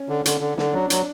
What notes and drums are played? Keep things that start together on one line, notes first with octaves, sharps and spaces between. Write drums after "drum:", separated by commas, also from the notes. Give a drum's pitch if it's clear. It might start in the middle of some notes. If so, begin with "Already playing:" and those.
Already playing: C#4
D3
D3, drum: hi-hat
D3
D3, drum: snare
F#3 D4
F#3, drum: hi-hat